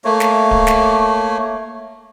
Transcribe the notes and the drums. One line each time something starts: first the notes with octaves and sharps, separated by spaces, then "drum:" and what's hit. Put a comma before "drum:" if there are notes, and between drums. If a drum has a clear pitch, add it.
A3 A#3 C#5
drum: snare
drum: kick D1
drum: snare